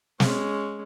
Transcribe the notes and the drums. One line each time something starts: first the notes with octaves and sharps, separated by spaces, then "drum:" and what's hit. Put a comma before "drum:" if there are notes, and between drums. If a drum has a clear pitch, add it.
G#3 C#4, drum: snare